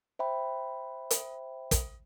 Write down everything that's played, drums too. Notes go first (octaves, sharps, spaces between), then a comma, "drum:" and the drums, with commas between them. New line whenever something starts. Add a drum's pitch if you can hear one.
C5 E5 G5 B5
drum: hi-hat
drum: kick, hi-hat